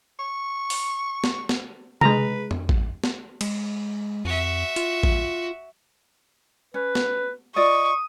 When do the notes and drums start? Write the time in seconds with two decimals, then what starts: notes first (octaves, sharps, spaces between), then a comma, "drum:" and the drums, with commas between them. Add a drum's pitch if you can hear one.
0.19 C#6
0.70 drum: open hi-hat
1.24 drum: snare
1.49 drum: snare
2.01 G#3 B4 A#5, drum: tom C3
2.51 drum: tom F2
2.69 drum: kick A1
3.04 drum: snare
3.41 G#3, drum: cymbal
4.25 F2 F#4 E5
4.76 F4, drum: hi-hat
5.03 drum: kick A1
6.74 C#4 B4
6.95 drum: snare
7.56 F4 D5 D#5 C#6 D#6